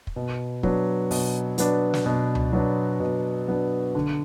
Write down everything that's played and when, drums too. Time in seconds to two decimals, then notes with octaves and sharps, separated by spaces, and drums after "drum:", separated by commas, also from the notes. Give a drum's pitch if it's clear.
0.07 drum: kick
0.16 B2
0.63 F#3 B3 D4, drum: kick
1.11 B2, drum: open hi-hat
1.58 F#3 B3 D4, drum: hi-hat
1.94 drum: snare
2.06 B2
2.35 drum: tom C#2
2.53 F#3 B3 D4
3.00 B2
3.48 F#3 B3 D4
3.95 D3